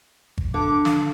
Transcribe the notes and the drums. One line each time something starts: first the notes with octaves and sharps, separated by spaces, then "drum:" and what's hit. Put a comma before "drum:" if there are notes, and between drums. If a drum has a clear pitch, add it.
drum: kick G#1
D3 D6
F5, drum: snare